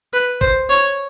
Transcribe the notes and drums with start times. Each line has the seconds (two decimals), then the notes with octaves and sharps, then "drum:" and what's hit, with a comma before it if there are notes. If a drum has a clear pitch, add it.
0.14 B4
0.41 C5, drum: kick
0.70 C#5